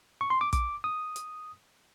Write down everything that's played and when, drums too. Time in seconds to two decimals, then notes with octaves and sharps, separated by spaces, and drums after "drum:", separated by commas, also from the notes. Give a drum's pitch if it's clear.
0.21 C#6
0.30 C6
0.41 D6
0.53 D6, drum: kick, hi-hat
0.84 D#6
1.16 drum: hi-hat